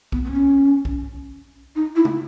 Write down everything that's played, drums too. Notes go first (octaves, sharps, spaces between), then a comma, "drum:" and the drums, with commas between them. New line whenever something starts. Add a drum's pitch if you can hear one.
B3, drum: kick B1
B3
C#4
drum: kick B1
D#4
E4
drum: tom